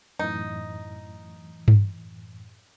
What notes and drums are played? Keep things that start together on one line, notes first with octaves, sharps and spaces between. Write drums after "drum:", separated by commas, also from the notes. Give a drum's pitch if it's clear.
F#2 A2 E3 D#4
drum: tom G2